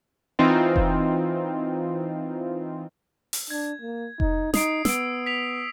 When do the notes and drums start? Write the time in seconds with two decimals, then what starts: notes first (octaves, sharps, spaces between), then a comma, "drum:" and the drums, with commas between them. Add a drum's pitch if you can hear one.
0.39 E3 C4 D#4 F4
0.76 drum: kick F1
3.33 drum: open hi-hat
3.50 D4 G#6
3.81 A#3
4.20 D#4, drum: kick F1
4.54 D#4 D#6 C7 D7, drum: snare
4.85 B3 E6 D7, drum: snare
5.26 B6 F7